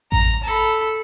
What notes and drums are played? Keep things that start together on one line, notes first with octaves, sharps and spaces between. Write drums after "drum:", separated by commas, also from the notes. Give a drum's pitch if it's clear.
A#5, drum: kick A1
A4 B5